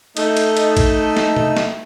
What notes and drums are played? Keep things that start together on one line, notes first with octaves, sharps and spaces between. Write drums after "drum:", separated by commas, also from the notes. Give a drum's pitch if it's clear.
A3 D#4, drum: cymbal
drum: cymbal
drum: cymbal
drum: kick, cymbal
drum: snare
drum: tom
drum: snare